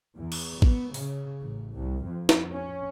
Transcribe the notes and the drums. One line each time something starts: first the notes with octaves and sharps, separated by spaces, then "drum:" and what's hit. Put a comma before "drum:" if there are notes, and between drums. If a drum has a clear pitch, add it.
E2
drum: cymbal
B3, drum: kick
C#3, drum: open hi-hat
A1
C2
F2
drum: snare
C#4